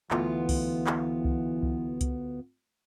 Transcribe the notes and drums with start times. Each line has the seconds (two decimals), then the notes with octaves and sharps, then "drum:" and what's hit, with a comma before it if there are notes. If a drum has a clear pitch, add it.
0.11 D2 E3 B3 F4, drum: clap
0.49 drum: kick C2, open hi-hat
0.87 drum: clap
1.25 drum: kick C2
1.63 drum: kick C2
2.01 drum: kick C2, hi-hat